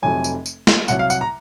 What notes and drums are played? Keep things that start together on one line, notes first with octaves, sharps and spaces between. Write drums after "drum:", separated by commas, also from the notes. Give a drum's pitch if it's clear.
F1 F2 C3 F#3 G#5
drum: tambourine
drum: tambourine
drum: snare
C2 C3 F#3 F#5, drum: tambourine
F5
F#5, drum: tambourine
A#5